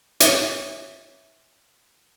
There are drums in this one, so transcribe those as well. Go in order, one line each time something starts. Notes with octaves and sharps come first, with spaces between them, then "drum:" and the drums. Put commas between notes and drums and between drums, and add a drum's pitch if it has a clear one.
C#5 E5, drum: hi-hat